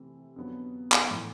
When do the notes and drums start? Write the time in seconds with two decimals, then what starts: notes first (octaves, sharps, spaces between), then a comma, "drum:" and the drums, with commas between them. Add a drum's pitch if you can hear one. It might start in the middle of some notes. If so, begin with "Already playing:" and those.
Already playing: C3 E3 A3 C4
0.36 F2 D3 F#3 B3
0.92 drum: clap
1.11 A2 E3 A3